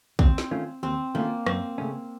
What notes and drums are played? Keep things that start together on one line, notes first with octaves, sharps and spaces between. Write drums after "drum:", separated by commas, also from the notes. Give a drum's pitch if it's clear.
D#2 C4, drum: kick
drum: snare
D#3 A3 C#4 F4
D#2 C4
D#3 A3 A#3 C#4 F4
F#2 C4, drum: rim click
C#3 A3 C#4